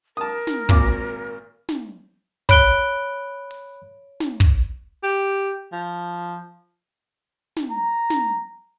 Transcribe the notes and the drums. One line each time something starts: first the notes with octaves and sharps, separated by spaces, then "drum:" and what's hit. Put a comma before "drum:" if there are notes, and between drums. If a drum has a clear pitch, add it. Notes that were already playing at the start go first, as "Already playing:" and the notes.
A#4 A5 D#6
drum: snare
G#1 A#2 D6, drum: kick
drum: snare
C#5 B5 F#6 D7 G7, drum: kick
drum: open hi-hat
drum: snare
drum: kick
G4
F3
drum: snare
A#5
drum: snare